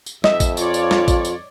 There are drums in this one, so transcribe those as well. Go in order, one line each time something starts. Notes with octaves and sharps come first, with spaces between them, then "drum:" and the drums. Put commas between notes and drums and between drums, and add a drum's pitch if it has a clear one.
drum: tambourine
F2 D#5 E5, drum: snare
drum: kick A1, tambourine
F4 C#5 D5, drum: tambourine
drum: tambourine
drum: snare
drum: kick A1, tambourine
drum: tambourine